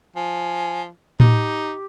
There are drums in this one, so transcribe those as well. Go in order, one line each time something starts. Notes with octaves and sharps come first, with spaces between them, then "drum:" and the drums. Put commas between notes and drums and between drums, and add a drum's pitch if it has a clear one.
F3 G#5
D#4 G4, drum: tom A2